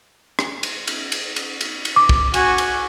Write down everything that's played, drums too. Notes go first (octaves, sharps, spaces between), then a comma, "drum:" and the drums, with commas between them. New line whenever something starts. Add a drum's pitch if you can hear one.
drum: rim click
drum: cymbal
drum: cymbal
drum: cymbal
drum: cymbal
drum: cymbal
drum: cymbal
D6
drum: kick
F#4 G#5, drum: cymbal
drum: cymbal